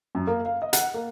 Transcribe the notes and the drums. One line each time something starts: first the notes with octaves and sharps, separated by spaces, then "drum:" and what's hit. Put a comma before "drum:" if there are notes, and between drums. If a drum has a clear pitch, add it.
F#2
A#3
F5
D#5
F#5, drum: hi-hat
A#3